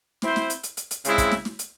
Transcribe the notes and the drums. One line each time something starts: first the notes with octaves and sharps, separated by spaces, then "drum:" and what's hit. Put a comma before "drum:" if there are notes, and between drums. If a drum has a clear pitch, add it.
C4 E4 C5, drum: snare
drum: snare
drum: hi-hat
drum: hi-hat
drum: hi-hat
drum: hi-hat
C#3 G#3 C4 E4, drum: hi-hat
drum: kick, hi-hat
drum: snare
drum: snare
drum: hi-hat